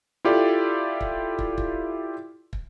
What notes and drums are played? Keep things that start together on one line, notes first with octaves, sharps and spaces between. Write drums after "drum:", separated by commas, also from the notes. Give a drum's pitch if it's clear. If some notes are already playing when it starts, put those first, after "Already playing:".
E4 F4 G4 A4 D5
drum: kick
drum: kick
drum: kick
drum: kick